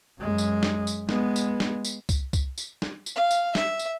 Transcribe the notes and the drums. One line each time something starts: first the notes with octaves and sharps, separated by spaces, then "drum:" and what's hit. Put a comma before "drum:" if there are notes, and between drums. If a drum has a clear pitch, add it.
F#2 G#3
drum: tambourine
drum: snare
drum: tambourine
G#3 B3, drum: snare
drum: tambourine
drum: snare
drum: tambourine
drum: kick, tambourine
drum: kick, tambourine
drum: tambourine
drum: snare
drum: tambourine
F5
drum: tambourine
E5, drum: snare
drum: tambourine